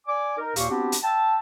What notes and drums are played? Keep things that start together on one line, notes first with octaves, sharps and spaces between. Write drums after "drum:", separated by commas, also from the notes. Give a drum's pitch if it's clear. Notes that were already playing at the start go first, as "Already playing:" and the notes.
D5 G#5 D6
D#4 A#4
D#2 A#2 G4 F5 C#6, drum: hi-hat
B3 C4 D4 F#4 G4
drum: hi-hat
E5 G5 A5